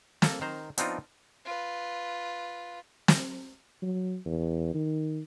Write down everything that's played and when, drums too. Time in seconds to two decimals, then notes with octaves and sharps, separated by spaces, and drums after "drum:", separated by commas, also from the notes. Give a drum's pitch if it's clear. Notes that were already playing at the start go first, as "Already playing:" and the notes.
0.22 A#3 A4, drum: snare
0.41 D#3 C5 A#5
0.78 F3 B3 C4 D4 D#4 F4, drum: hi-hat
1.45 F4 B4
3.08 drum: snare
3.82 F#3
4.26 E2
4.74 D#3